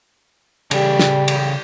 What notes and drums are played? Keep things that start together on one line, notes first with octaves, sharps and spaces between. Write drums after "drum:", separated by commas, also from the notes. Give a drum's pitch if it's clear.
C#3 G3 G#4 A4, drum: cymbal
drum: snare
drum: cymbal